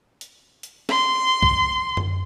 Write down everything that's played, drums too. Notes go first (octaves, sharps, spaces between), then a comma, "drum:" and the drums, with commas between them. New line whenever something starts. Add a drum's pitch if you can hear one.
drum: hi-hat
drum: hi-hat
C6, drum: snare
drum: kick
drum: tom F#2